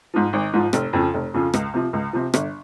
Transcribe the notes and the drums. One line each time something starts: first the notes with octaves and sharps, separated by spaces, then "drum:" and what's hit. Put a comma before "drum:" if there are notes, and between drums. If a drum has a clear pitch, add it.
G#2 F3
G#1
G#2 F3
F1, drum: rim click
F2 C#3 F3
F1
F2 C#3 F3
C#2, drum: rim click
C3 F3
C#2
C3 F3
G1, drum: rim click